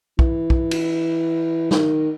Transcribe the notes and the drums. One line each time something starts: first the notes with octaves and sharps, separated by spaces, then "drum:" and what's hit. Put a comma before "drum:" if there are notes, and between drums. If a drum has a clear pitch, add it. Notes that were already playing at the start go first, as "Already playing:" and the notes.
E3, drum: kick
drum: kick
drum: cymbal
D#3, drum: snare